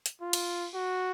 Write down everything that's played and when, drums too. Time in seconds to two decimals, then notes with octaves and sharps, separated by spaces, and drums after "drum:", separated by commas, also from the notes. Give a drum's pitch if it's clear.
0.06 drum: hi-hat
0.21 F4
0.33 drum: cymbal
0.74 F#4